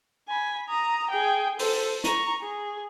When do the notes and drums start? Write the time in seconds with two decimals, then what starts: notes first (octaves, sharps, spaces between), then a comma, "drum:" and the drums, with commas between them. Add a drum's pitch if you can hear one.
0.28 G#5 B5
0.68 A#5 D#6
1.10 G#4 G5
1.59 A4 C5, drum: open hi-hat
2.04 A#5 C#6, drum: hi-hat
2.42 G#4